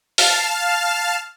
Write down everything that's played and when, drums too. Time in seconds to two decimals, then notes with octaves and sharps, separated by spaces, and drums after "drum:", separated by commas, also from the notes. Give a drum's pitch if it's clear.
0.18 F5 A5 F6, drum: open hi-hat